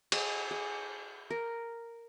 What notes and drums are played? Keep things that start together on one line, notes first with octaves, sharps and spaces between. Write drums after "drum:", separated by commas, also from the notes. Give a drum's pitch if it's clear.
G#4, drum: cymbal
G#4
A#4